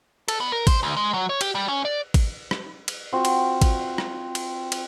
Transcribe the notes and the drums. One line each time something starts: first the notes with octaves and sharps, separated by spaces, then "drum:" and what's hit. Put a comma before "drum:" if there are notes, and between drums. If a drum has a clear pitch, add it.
A4, drum: cymbal
B3
A#4
C5, drum: kick G#1, cymbal
D2
G#3
F#3
C#5
G4, drum: cymbal
G3
C#4
D5
drum: kick G#1, cymbal
drum: rim click
drum: cymbal
C4 F4 F#4 C#6
drum: cymbal
drum: kick G#1, cymbal
drum: rim click
drum: cymbal
drum: cymbal